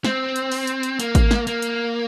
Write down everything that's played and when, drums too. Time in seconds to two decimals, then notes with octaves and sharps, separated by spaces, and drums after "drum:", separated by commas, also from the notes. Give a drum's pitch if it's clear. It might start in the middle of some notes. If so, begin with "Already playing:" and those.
0.04 C4, drum: snare
0.36 drum: hi-hat
0.52 drum: open hi-hat
0.67 drum: hi-hat
0.83 drum: hi-hat
1.00 A#3, drum: hi-hat
1.15 drum: kick G#1, hi-hat
1.31 drum: snare
1.47 A#3, drum: hi-hat
1.62 drum: hi-hat